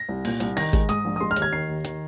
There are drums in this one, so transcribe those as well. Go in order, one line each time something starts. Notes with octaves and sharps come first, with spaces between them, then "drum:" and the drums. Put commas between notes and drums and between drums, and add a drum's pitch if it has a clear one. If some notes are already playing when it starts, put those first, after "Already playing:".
Already playing: A#6
C2
A#2, drum: open hi-hat
C2, drum: hi-hat
D#3 A#6, drum: open hi-hat
G#3, drum: kick, hi-hat
G#2 D#6, drum: hi-hat
A#1
D#6
G#3 C6
F6
D#2, drum: hi-hat
G#6
D#3 C7
D#2
D#3, drum: hi-hat